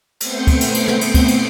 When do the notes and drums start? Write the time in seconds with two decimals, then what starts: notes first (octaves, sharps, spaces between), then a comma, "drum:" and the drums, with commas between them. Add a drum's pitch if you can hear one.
0.20 A3 B3 C4 G6 C7 C#7, drum: cymbal
0.47 drum: kick, cymbal
0.61 drum: cymbal
0.74 drum: cymbal
0.88 drum: snare
1.01 drum: cymbal
1.15 drum: kick, cymbal
1.28 drum: cymbal